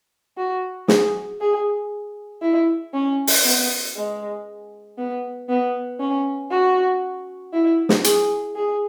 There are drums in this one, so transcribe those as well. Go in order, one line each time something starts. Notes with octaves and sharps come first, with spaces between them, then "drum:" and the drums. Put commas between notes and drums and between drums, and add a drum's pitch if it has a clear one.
F#4
G#4, drum: snare
G#4
E4
C#4
drum: open hi-hat
B3
G#3
B3
B3
C#4
F#4
E4
drum: snare
G#4, drum: hi-hat
G#4